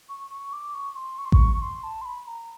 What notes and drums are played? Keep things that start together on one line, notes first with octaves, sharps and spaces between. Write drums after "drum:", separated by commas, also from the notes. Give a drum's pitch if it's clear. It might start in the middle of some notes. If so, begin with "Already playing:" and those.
C#6
C#6
D6
C#6
C6
C#6
C6
C#6, drum: kick A1
C6
A5
C6
B5
A#5